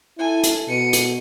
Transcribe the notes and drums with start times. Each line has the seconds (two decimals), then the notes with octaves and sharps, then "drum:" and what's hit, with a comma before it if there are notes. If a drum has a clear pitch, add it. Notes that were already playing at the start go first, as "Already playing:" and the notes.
0.19 E4 A4 G#5
0.43 drum: hi-hat
0.68 B2 C#7 D#7
0.93 drum: hi-hat